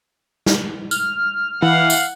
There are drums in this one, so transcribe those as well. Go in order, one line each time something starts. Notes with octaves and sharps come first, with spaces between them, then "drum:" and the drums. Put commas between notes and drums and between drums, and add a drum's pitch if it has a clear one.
drum: snare
F6, drum: tambourine
E3 F5 F#5
drum: tambourine